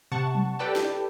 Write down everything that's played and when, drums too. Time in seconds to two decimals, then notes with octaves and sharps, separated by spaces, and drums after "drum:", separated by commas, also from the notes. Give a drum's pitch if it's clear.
0.12 C3 F#5 A5 C#6
0.35 drum: tom F#3
0.59 G4 A4 B4 D5 G5 A5
0.76 drum: snare